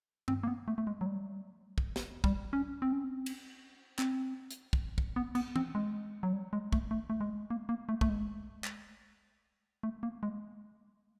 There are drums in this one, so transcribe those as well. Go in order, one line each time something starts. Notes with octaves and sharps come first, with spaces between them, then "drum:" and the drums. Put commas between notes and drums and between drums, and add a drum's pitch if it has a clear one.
C4, drum: tom G2
A#3
B3
A3
A3
G#3
F#3
G3
drum: kick
drum: snare
G3, drum: kick
C#4
C4
C#4
C4
drum: cymbal
C4, drum: clap
drum: hi-hat
drum: kick
drum: kick
B3
B3, drum: cymbal
C4, drum: tom E3
G#3
F#3
G3
G#3
A3, drum: kick
A3
A3
G#3
A#3
A#3
A3
A3, drum: kick
G#3
drum: clap
A3
A#3
G#3